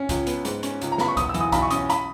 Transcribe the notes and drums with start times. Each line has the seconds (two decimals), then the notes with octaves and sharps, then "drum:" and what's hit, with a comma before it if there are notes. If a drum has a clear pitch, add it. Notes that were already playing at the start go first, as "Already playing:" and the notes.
Already playing: C#4
0.09 C#2, drum: kick C2, hi-hat
0.27 B3, drum: hi-hat
0.45 G#2, drum: hi-hat
0.63 C#4, drum: hi-hat
0.81 C#2, drum: hi-hat
0.92 A#5
0.98 B3 B5, drum: snare
1.08 C#6
1.17 E1 D#6, drum: kick C2, hi-hat
1.29 E6
1.34 E3, drum: hi-hat
1.41 D#6
1.52 B1 B5, drum: kick C2, hi-hat
1.62 C#6
1.71 C#4 D#6, drum: hi-hat
1.90 B5, drum: hi-hat